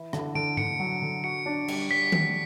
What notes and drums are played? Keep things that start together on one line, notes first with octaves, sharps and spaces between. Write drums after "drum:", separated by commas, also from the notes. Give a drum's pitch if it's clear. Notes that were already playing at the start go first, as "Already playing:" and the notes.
Already playing: E3 E4
D3, drum: rim click
D3 D7
D3 C#7, drum: tom G#2
F#3
D3
F#4 C#7
D4
G3, drum: cymbal
G3 B6
G3, drum: tom D#3